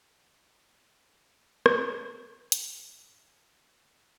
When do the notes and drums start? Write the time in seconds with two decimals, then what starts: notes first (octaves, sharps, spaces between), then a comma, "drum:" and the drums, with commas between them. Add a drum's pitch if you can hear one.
0.67 D#6
1.66 drum: rim click
2.52 A#1 G2, drum: hi-hat